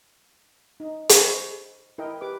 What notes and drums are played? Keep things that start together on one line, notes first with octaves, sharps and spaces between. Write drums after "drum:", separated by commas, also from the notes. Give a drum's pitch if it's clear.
D#4
C5 D5 D#5 A#5 B5, drum: hi-hat
E4 A#4 D#5 G5
G4 B4 D6